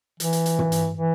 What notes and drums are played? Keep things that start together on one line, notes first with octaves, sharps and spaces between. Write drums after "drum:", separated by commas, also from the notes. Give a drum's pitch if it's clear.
E3, drum: hi-hat
drum: hi-hat
drum: hi-hat
drum: tom
drum: hi-hat
E3